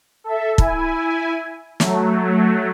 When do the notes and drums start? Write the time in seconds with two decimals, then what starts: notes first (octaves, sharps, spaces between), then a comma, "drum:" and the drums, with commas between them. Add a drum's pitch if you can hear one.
0.24 A4 E5
0.58 E4 G#5, drum: kick
1.80 F#3 A3, drum: snare